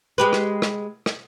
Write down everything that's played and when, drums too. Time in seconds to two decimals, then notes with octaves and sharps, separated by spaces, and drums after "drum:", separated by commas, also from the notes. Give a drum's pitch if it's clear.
0.18 G#3 G4 B4
0.33 drum: rim click
0.62 drum: rim click
1.06 drum: rim click